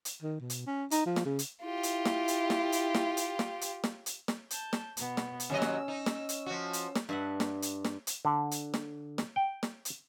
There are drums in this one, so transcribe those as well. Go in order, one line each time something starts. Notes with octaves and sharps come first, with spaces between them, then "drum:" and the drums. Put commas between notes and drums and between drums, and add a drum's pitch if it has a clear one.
drum: hi-hat
D#3
B2
drum: hi-hat
C#4
D#4, drum: hi-hat
F3
drum: snare
C#3
drum: hi-hat
E4 F4 G4
drum: hi-hat
drum: snare
drum: hi-hat
drum: snare
drum: hi-hat
drum: snare
drum: hi-hat
drum: snare
drum: hi-hat
drum: snare
drum: hi-hat
drum: snare
A5 G6, drum: hi-hat
drum: snare
B2 B3, drum: hi-hat
drum: snare
drum: hi-hat
D#2 F#3 C#4 D#5 E6
drum: snare
D#4
drum: snare
drum: hi-hat
F3 F#4
drum: hi-hat
drum: snare
G2 E5 F#5
drum: snare
drum: hi-hat
drum: snare
drum: hi-hat
D3
drum: hi-hat
drum: snare
drum: snare
G5
drum: snare
drum: hi-hat